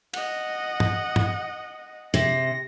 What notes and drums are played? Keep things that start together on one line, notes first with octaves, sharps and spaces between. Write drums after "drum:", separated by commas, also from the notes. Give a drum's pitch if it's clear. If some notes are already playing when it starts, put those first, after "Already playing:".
D#5 F#5, drum: cymbal
drum: tom
drum: tom
C3 A#6